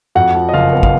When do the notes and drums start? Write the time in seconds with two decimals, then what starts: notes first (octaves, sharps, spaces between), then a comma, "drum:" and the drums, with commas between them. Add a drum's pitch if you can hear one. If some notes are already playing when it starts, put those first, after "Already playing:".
0.15 F2 F#4 F#5
0.35 F3
0.49 D#5
0.53 F#1 F4 F5
0.73 B3
0.83 F5, drum: kick